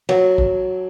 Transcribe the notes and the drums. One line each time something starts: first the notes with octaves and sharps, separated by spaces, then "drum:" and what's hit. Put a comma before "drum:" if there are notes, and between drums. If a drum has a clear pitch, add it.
F#3, drum: cymbal
drum: kick